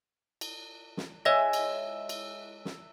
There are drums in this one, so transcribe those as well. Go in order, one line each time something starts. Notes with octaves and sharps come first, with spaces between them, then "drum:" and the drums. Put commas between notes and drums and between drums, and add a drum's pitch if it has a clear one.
drum: cymbal
drum: snare
G#3 E4 C#5 D#5 E5 G#5 A#6
drum: cymbal
drum: cymbal
drum: snare